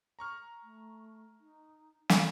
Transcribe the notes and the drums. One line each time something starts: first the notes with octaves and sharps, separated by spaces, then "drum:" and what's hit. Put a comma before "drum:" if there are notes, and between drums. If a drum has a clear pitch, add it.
A#5 C#6 F6
A3
D#4
D5, drum: snare